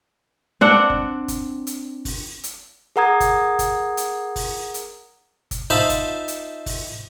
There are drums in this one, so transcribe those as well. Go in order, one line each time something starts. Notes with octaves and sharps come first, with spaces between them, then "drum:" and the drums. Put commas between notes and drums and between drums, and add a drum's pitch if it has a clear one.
C4 D4 F#5
drum: kick
drum: kick, hi-hat
drum: hi-hat
drum: kick, open hi-hat
drum: hi-hat
G#4 A#4 F#5 A#5 D#6 G#6
drum: kick, hi-hat
drum: kick, hi-hat
drum: hi-hat
drum: kick, open hi-hat
drum: hi-hat
drum: kick, hi-hat
D#4 F4 C5 E5 A5 B5
drum: kick, hi-hat
drum: hi-hat
drum: kick, open hi-hat